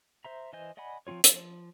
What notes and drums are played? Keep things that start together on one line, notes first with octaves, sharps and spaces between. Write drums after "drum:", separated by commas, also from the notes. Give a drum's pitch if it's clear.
C5 E5 A#5
E3 C5 D#5 G#5 G6
D5 D#5 F#5 G#5 B5
F3 C4 C#4 F4 C#5
F3, drum: hi-hat